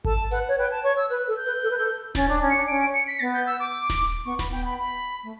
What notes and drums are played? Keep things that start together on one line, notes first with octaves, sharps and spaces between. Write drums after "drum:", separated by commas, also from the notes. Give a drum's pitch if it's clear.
A4 A5, drum: kick G#1
B4 F#5, drum: hi-hat
C#5
B4 G5
A5
C#5 C#6
E6
B4 F#6
A4
G6
B4
A4
B4
A4
C#4 A6, drum: snare D#1
D4
C#4
C#7
D4
C#4 D7
D7
C#7
B6
B3 A6
G6
E6
D6
drum: snare D#1
B3 C#6
B5, drum: snare D#1
B3 G5
B5
B5
A3